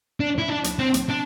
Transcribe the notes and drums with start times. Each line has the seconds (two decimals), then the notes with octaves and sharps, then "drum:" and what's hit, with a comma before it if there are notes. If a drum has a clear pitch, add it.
0.20 D4
0.38 E4
0.49 D4
0.64 drum: hi-hat
0.79 C4
0.94 drum: hi-hat
1.09 D4